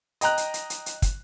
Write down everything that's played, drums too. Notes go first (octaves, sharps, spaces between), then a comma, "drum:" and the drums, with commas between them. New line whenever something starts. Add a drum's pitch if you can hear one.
D#5 G5 A#5 F#6, drum: hi-hat
drum: hi-hat
drum: hi-hat
drum: hi-hat
drum: hi-hat
drum: kick, hi-hat